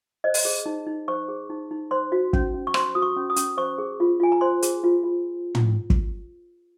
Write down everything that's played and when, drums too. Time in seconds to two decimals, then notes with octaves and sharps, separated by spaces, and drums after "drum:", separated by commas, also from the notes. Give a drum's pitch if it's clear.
0.24 C5 D#5
0.34 drum: open hi-hat
0.45 G#4
0.66 D#4
0.87 D#4
1.08 C5 C#6
1.29 G#4
1.50 D#4
1.71 D#4
1.91 C5 C6
2.12 F#4
2.33 C#4, drum: kick
2.54 C#4
2.67 C#6
2.74 C5 C6, drum: rim click
2.95 F#4 D#6
3.02 C#6
3.17 C#4
3.30 D#6
3.36 C#4, drum: hi-hat
3.57 C5 C#6
3.78 G#4
4.00 F4
4.20 F4 G#5
4.32 A#5
4.41 C5 C6
4.62 G#4, drum: hi-hat
4.83 F4
5.03 F4
5.55 drum: tom
5.90 drum: kick